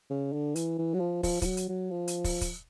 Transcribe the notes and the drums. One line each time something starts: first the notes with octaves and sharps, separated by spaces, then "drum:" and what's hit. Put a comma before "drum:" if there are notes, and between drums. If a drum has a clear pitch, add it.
C#3
D3
E3, drum: hi-hat
E3
F#3
F3
F3, drum: kick, open hi-hat
F3, drum: kick, hi-hat
F#3
drum: hi-hat
F#3
F3
drum: hi-hat
drum: kick, open hi-hat
drum: kick, hi-hat